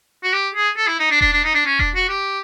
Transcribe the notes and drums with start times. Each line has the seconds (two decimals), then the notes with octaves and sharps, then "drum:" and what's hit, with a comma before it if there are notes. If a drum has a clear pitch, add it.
0.23 F#4
0.33 G4
0.54 G#4
0.77 A4
0.87 E4
0.99 D#4
1.11 D4
1.21 D4, drum: kick E1
1.32 D4
1.44 D#4
1.54 D4
1.66 C#4
1.79 D4, drum: kick E1
1.95 F#4
2.09 G4